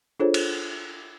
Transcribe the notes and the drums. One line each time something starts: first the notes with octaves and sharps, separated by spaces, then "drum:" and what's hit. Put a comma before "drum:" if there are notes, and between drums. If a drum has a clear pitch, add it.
D4 F4 G#4 A4 C5 C#5
drum: cymbal